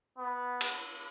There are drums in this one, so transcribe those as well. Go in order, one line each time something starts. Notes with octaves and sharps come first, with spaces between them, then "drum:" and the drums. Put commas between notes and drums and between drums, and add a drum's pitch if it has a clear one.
B3
drum: cymbal